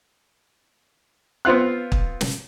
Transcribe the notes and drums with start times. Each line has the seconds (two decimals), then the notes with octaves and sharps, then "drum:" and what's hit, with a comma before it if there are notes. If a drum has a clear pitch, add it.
1.45 B3 C4 F4 F5 F#6
1.92 drum: kick
2.21 drum: snare